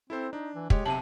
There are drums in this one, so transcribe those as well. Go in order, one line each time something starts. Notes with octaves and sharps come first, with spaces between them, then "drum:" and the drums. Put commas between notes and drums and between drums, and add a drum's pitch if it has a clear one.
C4 E4 A4 C5
D4 D#4
E3
G#3 G4 C#5, drum: kick
B1 C3 C4 A5 D#7